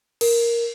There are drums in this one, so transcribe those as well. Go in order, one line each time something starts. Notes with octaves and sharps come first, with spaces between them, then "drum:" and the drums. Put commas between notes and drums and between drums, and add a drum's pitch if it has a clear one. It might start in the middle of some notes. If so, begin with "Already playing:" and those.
A#4, drum: cymbal